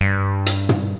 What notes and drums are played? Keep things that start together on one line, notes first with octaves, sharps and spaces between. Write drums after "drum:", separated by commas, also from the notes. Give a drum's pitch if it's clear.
G2
drum: hi-hat
drum: tom